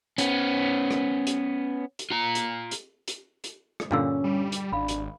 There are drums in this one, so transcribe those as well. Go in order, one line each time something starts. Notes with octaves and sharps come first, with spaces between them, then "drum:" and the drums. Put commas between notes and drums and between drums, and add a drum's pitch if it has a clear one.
B3 C#4, drum: hi-hat
drum: rim click
drum: hi-hat
drum: hi-hat
F4 A#5
drum: hi-hat
drum: hi-hat
drum: hi-hat
drum: hi-hat
drum: rim click
G2 A#2 D3 C#4 D4 F5 E6
G3
drum: hi-hat
G#1 D4 F5 B5
drum: hi-hat